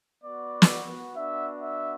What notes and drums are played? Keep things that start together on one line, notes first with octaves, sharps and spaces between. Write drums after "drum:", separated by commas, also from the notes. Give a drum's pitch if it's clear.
B3 F#4 D5
drum: snare
B3 D4 F#4 E5
E5